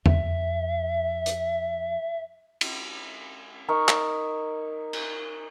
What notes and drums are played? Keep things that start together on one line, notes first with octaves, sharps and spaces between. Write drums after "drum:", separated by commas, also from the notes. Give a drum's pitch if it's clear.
F2 E5, drum: tom
drum: hi-hat
drum: cymbal
D#4 A#4 C#6
drum: clap
drum: cymbal